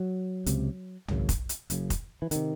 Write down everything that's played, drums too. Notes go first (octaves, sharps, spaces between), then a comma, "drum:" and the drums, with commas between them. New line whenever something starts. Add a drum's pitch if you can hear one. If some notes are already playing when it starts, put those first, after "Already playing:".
Already playing: F#3
C#2 C3, drum: hi-hat
G#1 F#2 C#3, drum: tom
drum: kick F1, hi-hat
drum: hi-hat
F#1 F#2 C#3, drum: hi-hat
drum: kick F1, hi-hat
E3
C3 D#3, drum: hi-hat